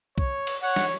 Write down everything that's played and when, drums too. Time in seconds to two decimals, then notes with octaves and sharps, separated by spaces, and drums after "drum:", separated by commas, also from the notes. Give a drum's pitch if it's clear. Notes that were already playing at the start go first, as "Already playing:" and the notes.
0.18 C#5, drum: kick B1
0.47 drum: cymbal
0.63 C#5 F#5
0.76 drum: snare